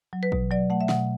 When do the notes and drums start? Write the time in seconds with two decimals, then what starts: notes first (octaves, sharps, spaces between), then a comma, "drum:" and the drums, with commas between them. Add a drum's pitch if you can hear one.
0.13 F#3
0.23 B4
0.32 B2, drum: kick
0.51 F#3 D5
0.70 A3 F#5
0.81 E5
0.89 B2 F#5, drum: snare